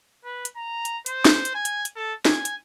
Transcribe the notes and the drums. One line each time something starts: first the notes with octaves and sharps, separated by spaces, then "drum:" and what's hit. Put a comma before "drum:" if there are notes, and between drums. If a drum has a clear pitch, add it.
B4
drum: hi-hat
A#5
drum: hi-hat
C5, drum: hi-hat
drum: snare
drum: hi-hat
G#5
drum: hi-hat
drum: hi-hat
A4
G#5, drum: snare
drum: hi-hat